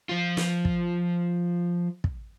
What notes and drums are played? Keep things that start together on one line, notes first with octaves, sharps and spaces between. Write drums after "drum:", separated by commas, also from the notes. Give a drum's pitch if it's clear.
F3 F4
drum: snare
drum: kick
drum: kick